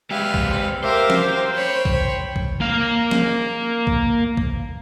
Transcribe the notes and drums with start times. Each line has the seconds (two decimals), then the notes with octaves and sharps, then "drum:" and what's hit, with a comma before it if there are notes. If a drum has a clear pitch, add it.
0.11 G#3 G4 B4 E5 F5
0.34 drum: kick
0.43 C4
0.83 G4 A#4 C5 E5 F5 D6
1.10 drum: snare
1.21 G5
1.55 C#5 B5
1.85 drum: kick
2.36 drum: kick
2.61 A#3 F5
3.11 drum: snare
3.87 drum: kick
4.37 drum: kick